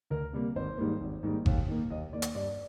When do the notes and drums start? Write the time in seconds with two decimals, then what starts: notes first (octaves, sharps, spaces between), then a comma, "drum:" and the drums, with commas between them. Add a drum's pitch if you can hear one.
0.10 D2 A#4
0.33 C3 G3 A#3
0.56 G#1 C5
0.78 G#2 D#3 G3 A#3
1.01 G#1
1.23 G#2 D#3 G3 A#3
1.46 D#2, drum: kick G1
1.68 D#3 A#3
1.90 D#2 D#5
2.12 D#3 A#3 D5
2.22 drum: hi-hat
2.35 G2 D5